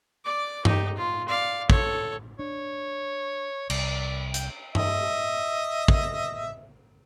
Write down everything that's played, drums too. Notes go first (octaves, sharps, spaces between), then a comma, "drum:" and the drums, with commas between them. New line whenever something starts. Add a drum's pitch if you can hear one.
D5 D6
D#4 G4, drum: tom G2
F4
D5 F5
A4 C#5, drum: kick
D4 C#5
C2 D5, drum: cymbal
G5, drum: hi-hat
D#5 E5, drum: tom G2
drum: kick